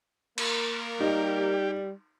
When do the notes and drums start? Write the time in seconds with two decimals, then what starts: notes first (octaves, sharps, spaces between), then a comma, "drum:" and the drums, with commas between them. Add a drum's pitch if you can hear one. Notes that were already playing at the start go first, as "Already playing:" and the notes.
0.38 A#3 A#4, drum: cymbal
1.00 G3 D#4 G4